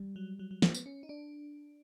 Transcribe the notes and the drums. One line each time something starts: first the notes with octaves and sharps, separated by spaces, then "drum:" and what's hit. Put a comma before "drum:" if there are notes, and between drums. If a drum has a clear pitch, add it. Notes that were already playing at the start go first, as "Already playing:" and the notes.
Already playing: G3
F#3
F#3
F#3
A#3, drum: snare
B3, drum: tambourine
C#4
D#4
D4